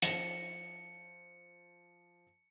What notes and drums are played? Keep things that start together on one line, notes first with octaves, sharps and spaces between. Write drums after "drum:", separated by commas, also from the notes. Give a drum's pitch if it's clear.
F3 A#6 C#7 E7, drum: hi-hat